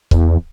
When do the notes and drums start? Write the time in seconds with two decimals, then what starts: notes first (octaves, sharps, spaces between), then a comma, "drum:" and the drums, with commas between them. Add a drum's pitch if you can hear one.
0.11 E2, drum: kick C#1